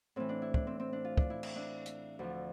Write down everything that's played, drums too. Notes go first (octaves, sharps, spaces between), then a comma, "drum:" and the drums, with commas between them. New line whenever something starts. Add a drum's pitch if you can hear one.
A2 E3 C4
D4
E4
D4, drum: kick
C4
C4
D4
F4
D4, drum: kick
E4
E4, drum: cymbal
D4
drum: hi-hat
D2 D3 F3